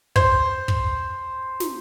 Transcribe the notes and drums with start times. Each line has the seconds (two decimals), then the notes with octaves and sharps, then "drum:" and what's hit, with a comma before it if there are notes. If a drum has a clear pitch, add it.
0.16 C5, drum: kick
0.68 drum: kick
1.60 drum: snare